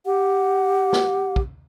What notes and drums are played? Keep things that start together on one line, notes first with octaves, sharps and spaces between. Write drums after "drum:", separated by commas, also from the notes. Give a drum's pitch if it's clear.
G4 F#5
drum: snare
drum: kick